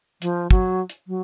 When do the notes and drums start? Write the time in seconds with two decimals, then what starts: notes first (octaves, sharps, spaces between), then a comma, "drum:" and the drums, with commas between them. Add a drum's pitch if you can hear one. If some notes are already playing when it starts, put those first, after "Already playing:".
0.22 F3, drum: hi-hat
0.51 F#3, drum: kick
0.90 drum: hi-hat
1.07 F#3